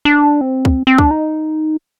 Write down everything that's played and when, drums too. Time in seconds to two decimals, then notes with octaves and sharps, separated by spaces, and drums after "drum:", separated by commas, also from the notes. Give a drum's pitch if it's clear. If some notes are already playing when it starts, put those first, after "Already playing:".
0.05 D4
0.41 C4
0.65 drum: kick C#2
0.87 C4
0.98 D4, drum: kick C#2
1.11 D#4